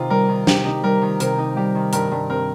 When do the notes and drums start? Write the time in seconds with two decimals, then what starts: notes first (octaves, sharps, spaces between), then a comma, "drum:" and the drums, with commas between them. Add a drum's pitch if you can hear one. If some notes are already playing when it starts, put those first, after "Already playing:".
Already playing: C3 D#3 D#4 F4
0.10 G3 A#4
0.28 D#3
0.47 C3 G4, drum: snare
0.65 D#4
0.83 G3 A#4
1.02 D#3
1.20 C3 A#4, drum: hi-hat
1.38 D#4
1.57 G3 G4
1.75 D#3
1.93 G2 A#4, drum: hi-hat
2.11 G2
2.30 C4 A#4